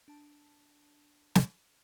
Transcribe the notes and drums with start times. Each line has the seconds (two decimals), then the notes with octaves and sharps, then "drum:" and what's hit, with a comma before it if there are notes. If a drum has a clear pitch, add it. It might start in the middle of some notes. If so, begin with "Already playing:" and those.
0.08 D4 A5
1.35 drum: snare